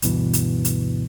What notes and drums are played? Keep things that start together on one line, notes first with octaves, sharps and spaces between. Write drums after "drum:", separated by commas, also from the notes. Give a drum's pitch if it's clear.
D2 G2 B2 E3, drum: hi-hat
drum: hi-hat
drum: hi-hat